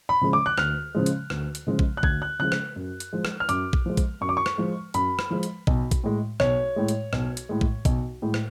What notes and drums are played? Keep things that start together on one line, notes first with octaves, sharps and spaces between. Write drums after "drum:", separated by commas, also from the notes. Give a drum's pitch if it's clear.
B5
C#3 F3 G#3
D6
F#6
D2 F6, drum: rim click
C#3 F3 G#3
drum: hi-hat
D2, drum: rim click
drum: hi-hat
C#3 F3 G#3
drum: kick A#1
F#6
D2 G#6, drum: kick A#1
F#6
C#3 F3 G#3 F#6
drum: rim click
F#2
drum: hi-hat
F3 G#3
drum: rim click
F6
F#2 D6, drum: hi-hat
drum: kick A#1
F3 G#3
drum: kick A#1, hi-hat
F#2 C#6
D6
C#6
drum: rim click
F3 G#3
F#2 B5, drum: hi-hat
drum: rim click
F3 G#3
drum: hi-hat
B1, drum: kick A#1
drum: kick A#1, hi-hat
A2 G#3
B1 C#5, drum: rim click
A2 G#3
drum: hi-hat
B1, drum: rim click
drum: hi-hat
A2 G#3
drum: kick A#1
B1, drum: kick A#1, hi-hat
A2 G#3
drum: rim click